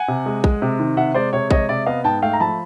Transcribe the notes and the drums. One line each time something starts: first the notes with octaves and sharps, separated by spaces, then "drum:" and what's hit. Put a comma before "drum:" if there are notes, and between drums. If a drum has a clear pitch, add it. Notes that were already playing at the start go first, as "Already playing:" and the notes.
Already playing: F#5 G#5
C3
G#3
G#3, drum: kick A#1
C3
D#3
C3 E5 F#5
G#3 C5 D5
C3 C#5
G#3 C#5 D#5, drum: kick A#1
C3 D5 E5
B3 D#5 F5
G#2 G5 A5
A3 F5 G5
A#5
F3 A5 B5